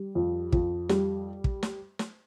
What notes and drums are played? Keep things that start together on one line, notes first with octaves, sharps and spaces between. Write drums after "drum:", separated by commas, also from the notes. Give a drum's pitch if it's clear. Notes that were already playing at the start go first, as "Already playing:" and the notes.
Already playing: G3
F2
F2, drum: kick
G3, drum: snare
drum: kick
drum: snare
drum: snare